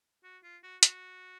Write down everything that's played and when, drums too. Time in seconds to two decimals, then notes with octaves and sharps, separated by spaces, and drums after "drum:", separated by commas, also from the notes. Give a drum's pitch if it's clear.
0.24 F#4
0.43 F4
0.63 F#4
0.83 F#4, drum: hi-hat